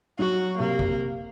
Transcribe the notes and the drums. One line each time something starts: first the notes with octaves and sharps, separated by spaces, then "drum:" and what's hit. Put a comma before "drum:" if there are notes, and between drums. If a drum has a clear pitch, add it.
F#3 F#4
C3 A#3
drum: kick